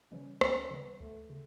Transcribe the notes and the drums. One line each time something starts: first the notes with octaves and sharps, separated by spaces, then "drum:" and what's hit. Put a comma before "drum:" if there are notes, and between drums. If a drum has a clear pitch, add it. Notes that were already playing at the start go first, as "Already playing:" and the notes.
C#3 E3 G3 C#4
D2 C#4, drum: rim click
C#3 E3 G3 B3
D2 A3
C#3